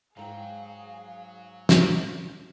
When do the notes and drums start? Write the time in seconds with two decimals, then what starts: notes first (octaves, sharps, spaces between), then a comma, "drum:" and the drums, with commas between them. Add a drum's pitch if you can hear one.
0.17 G#2 F#3 G#4 A4 F5 G5
1.69 drum: snare